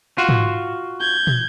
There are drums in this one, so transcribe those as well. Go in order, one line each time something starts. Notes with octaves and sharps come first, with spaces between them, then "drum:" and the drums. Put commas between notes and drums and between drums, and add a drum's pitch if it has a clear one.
F4 F#4
drum: tom G#2
G6 G#6
drum: tom